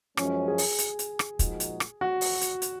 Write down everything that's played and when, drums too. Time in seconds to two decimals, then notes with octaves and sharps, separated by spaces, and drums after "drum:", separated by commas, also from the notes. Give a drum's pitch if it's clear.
0.17 F#2 F3 G#3 C#4, drum: rim click
0.48 G#4
0.58 drum: open hi-hat
0.79 drum: hi-hat
0.99 drum: hi-hat
1.19 drum: rim click
1.39 A#2 F3 G#3 D#4 F#4, drum: kick, hi-hat
1.60 drum: hi-hat
1.80 drum: rim click
2.01 F#4
2.21 drum: open hi-hat
2.41 drum: hi-hat
2.62 drum: hi-hat